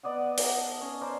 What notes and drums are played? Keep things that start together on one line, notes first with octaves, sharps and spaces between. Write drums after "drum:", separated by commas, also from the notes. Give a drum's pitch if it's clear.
B3 D5 D#5 F#5
D#4, drum: open hi-hat
A4
C#4
A#4 C5 D5 F5